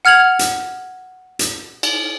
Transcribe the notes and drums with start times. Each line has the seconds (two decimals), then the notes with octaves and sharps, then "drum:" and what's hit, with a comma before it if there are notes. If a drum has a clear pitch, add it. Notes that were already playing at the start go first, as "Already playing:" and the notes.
0.05 F#5 F6 G#6 F7 F#7
0.39 drum: hi-hat
1.39 drum: hi-hat
1.83 drum: cymbal